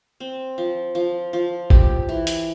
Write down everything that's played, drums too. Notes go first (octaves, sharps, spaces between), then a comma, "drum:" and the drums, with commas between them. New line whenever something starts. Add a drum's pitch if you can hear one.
C4
F3
F3
F3
G4, drum: kick
E3
drum: hi-hat